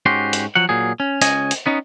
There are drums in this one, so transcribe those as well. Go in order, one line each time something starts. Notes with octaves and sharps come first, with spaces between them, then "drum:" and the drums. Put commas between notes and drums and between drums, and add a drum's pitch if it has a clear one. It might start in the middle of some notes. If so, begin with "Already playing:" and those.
G#2 C#4 F#4 G4 C6
drum: hi-hat
F3 F#3 F#5
A#2 F#3 G#4
C#4
C#2 C#4 D#5 G#5, drum: hi-hat
drum: hi-hat
B3 C#4 D#4